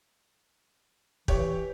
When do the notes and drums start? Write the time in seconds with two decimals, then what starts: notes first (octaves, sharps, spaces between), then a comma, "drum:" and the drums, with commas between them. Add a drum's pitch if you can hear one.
1.28 E3 G4 C#5, drum: kick